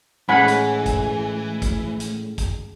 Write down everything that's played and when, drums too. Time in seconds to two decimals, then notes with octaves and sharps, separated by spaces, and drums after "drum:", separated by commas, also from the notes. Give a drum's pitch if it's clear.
0.29 A2 E3 G#3 C#4 F#5 G#5 B5
0.48 drum: hi-hat
0.86 drum: kick, hi-hat
1.62 drum: kick, hi-hat
2.00 drum: hi-hat
2.38 drum: kick, hi-hat